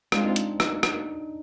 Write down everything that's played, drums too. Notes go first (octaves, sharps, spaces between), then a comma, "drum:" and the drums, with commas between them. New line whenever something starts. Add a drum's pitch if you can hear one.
G#3 C4 D4 F4, drum: rim click
D#4
drum: hi-hat
D#4, drum: rim click
drum: rim click